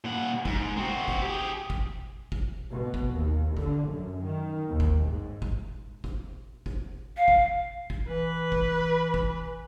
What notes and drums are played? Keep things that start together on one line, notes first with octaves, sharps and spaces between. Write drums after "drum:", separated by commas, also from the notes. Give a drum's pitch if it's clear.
A#2 F#5
G#2, drum: kick
C4 F#4
drum: kick
G4 G#4
drum: kick
drum: kick
B2
drum: kick
D#2
D3, drum: kick
F#2
D#3
D#2
drum: kick
G#2
drum: kick
drum: kick
drum: kick
F5
drum: kick
drum: kick
E3 B4
drum: kick
drum: kick